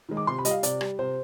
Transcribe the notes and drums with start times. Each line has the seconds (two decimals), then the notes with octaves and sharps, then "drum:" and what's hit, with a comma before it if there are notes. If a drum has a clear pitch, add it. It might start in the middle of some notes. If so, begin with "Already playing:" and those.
0.09 D#3 G#3
0.17 D6
0.27 C3 C6
0.39 B5
0.45 G3 D#5, drum: hi-hat
0.51 F5
0.63 C3 D5, drum: hi-hat
0.81 G3, drum: rim click
0.99 C3 C5